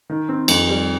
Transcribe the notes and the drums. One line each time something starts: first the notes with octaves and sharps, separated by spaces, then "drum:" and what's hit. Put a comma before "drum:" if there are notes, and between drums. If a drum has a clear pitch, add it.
D#3
C4
F2, drum: cymbal
G3